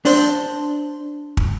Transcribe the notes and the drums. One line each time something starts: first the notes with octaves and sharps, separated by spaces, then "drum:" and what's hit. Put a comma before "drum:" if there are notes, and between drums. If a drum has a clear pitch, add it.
D4 C5, drum: open hi-hat
drum: kick